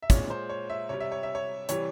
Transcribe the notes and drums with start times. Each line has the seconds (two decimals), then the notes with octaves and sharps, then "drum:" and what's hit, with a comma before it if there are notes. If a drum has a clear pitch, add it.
0.02 E5
0.10 A#2 G#3 C#5, drum: kick, hi-hat
0.30 C5
0.49 C#5
0.70 E5
0.89 C3 G3 C#5
1.00 E5
1.12 C#5
1.23 E5
1.35 C#5
1.69 C3 E3 G3 C#5, drum: hi-hat